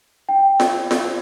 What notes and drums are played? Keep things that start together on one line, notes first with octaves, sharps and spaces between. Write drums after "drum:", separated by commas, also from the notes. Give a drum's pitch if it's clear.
G5
drum: snare F4
drum: snare F4